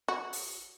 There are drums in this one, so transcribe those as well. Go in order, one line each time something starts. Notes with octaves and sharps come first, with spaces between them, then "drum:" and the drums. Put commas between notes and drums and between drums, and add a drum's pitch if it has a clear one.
F#4
drum: open hi-hat